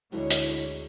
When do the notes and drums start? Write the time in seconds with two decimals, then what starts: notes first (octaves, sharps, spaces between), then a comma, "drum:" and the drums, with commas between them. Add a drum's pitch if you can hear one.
0.12 D2 G#2 B2 D3 E4 C#5
0.30 drum: hi-hat